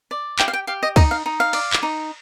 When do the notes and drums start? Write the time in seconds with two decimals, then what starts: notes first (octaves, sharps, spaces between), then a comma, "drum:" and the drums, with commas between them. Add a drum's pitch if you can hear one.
0.11 D5
0.39 G4 G5, drum: clap
0.48 F5
0.53 G5
0.67 G4 F5
0.83 D#5
0.96 D#4 D#5, drum: kick, cymbal
1.11 F5
1.26 D#4
1.40 F5
1.53 D5, drum: cymbal
1.73 drum: clap
1.83 D#4